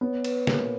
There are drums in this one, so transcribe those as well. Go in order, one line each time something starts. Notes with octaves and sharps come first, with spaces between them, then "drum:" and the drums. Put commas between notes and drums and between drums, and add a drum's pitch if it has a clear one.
B3 C#5
B4, drum: cymbal
A#2 A#4, drum: snare